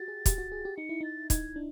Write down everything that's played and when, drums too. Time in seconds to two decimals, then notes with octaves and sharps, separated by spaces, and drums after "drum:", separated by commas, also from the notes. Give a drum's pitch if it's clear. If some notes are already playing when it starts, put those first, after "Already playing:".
Already playing: F#4 G4 A6
0.08 G#4
0.26 G4, drum: kick, hi-hat
0.38 F#4
0.52 G#4
0.65 G4
0.77 D#4 C#7
0.89 E4
1.01 D#4 A6
1.30 D#4 G#6, drum: kick, hi-hat
1.56 D4